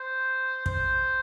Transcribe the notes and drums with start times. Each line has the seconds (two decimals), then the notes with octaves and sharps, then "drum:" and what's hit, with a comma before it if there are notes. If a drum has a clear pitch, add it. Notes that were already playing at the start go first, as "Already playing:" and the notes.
Already playing: C5
0.66 C5, drum: kick